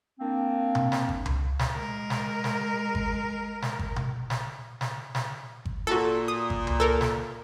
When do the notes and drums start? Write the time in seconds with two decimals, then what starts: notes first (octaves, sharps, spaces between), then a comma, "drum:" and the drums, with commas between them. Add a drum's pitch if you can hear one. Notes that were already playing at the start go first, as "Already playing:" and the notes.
0.20 A#3 C4 D4
0.75 drum: tom B2
0.92 drum: snare
1.09 drum: kick G#1
1.26 drum: tom C#2
1.59 drum: snare
1.76 G#3 A#4
2.10 drum: snare
2.44 drum: snare
2.95 drum: kick G#1
3.62 drum: snare
3.79 drum: kick G#1
3.96 drum: tom B2
4.30 drum: snare
4.81 drum: snare
5.15 drum: snare
5.65 drum: kick G#1
5.87 A#2 F#4 A4
6.28 D#6
6.50 drum: kick G#1
6.67 drum: tom C#2
6.80 A4 A#4
7.01 drum: snare